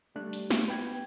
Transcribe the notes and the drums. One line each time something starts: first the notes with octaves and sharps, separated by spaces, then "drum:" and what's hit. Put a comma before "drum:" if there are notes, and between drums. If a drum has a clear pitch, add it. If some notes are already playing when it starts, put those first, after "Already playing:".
G3 A3 D4 F#6
drum: hi-hat
drum: snare
B3 B4 G5 G#6